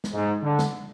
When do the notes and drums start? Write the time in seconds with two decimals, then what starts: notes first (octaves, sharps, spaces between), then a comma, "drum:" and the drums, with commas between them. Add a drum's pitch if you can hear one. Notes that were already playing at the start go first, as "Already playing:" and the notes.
0.04 drum: snare
0.13 G#2
0.43 D3
0.59 drum: snare